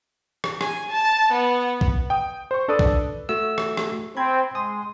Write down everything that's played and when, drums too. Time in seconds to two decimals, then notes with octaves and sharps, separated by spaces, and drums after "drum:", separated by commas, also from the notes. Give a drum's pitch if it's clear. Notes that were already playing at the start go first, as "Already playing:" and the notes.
0.44 drum: rim click
0.61 G#5, drum: rim click
0.92 A5
1.32 B3
1.81 drum: kick B1
2.10 G5 D#6
2.51 C5 C#6
2.68 D4 A4 B4 D5 D#6
2.79 drum: kick B1
3.29 A3 F#4 E6
3.58 drum: rim click
3.77 drum: rim click
4.17 C4 B5 G#6
4.55 G#3 G#5 C6 D#6